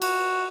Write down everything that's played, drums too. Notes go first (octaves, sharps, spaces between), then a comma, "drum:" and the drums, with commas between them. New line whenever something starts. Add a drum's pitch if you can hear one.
F#4, drum: cymbal